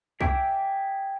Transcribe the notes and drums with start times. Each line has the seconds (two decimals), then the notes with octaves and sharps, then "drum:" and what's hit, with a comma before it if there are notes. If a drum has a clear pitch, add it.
0.21 G#4 E5 G5 D6 E6, drum: kick